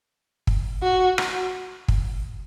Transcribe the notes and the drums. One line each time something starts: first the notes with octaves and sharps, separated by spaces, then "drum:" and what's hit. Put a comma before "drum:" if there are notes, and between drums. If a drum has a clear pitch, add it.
drum: kick
F#4
drum: rim click
drum: kick